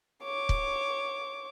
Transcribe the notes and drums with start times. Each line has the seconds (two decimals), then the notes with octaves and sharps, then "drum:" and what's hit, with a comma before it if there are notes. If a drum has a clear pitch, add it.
0.23 C#5 D6
0.49 drum: kick